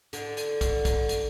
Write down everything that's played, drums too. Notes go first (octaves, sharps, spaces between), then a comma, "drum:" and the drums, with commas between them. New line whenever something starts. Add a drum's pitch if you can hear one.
D3, drum: hi-hat
drum: hi-hat
drum: kick, hi-hat
drum: kick, hi-hat
drum: hi-hat